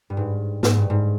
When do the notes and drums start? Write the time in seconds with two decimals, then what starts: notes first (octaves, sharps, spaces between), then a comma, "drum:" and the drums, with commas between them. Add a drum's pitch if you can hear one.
0.10 G2
0.17 G#2
0.63 G#2, drum: snare
0.76 G2
0.90 G#2